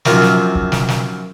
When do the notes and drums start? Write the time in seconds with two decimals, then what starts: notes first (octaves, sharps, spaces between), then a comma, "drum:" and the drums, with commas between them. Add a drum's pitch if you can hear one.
0.05 F#2 C3 D#3 F3 C4, drum: snare
0.22 drum: snare
0.55 drum: kick C#1
0.72 drum: snare
0.88 drum: snare